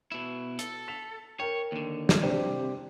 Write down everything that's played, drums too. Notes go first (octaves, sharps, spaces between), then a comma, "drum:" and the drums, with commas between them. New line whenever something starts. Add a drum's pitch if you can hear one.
B2 E4
A4, drum: hi-hat
B6 E7 F7
A#4 C#5 G5
D#2 D3
drum: snare
C2 C3 D4 G4 C5